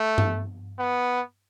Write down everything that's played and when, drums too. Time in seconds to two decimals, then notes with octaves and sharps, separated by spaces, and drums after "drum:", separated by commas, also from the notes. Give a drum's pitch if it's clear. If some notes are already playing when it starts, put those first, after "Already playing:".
Already playing: A3
0.18 drum: tom G2
0.78 B3